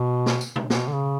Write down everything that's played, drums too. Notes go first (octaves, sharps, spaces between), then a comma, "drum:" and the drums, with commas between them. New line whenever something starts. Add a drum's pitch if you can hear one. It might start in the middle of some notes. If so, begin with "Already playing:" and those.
Already playing: B2
drum: snare
drum: tambourine
drum: tom B2
B2, drum: snare
D3
C#3